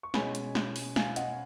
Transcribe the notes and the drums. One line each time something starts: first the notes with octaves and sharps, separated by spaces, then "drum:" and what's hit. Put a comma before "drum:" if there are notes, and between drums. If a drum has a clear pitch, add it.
C#6
B2 G#3 C#4 G#5 B5, drum: snare
drum: hi-hat
drum: snare
drum: open hi-hat
F5 G#5, drum: snare
D#5 F#5, drum: hi-hat